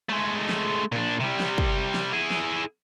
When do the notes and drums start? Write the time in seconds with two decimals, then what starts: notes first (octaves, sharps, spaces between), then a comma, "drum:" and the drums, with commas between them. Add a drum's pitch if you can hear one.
0.09 G#3 A3
0.49 drum: snare
0.92 A#2 D4
1.20 C3 G3
1.40 drum: snare
1.58 drum: kick
1.94 drum: snare
2.12 E4 G#4
2.31 drum: snare